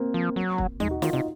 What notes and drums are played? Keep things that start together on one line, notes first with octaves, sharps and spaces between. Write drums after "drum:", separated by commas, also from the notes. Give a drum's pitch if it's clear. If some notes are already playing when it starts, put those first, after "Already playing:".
Already playing: A#3 C4
F3
F#3
drum: kick
G#3 D#4, drum: tom D#2
F#4
D#3 F4, drum: snare
C3 D#4